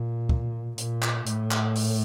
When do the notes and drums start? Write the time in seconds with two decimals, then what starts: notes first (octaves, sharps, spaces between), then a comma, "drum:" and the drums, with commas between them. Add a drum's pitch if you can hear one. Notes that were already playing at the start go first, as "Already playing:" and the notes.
Already playing: A#2
0.29 drum: kick
0.78 A#2, drum: hi-hat
1.02 drum: clap
1.26 A2, drum: hi-hat
1.51 drum: clap
1.75 drum: open hi-hat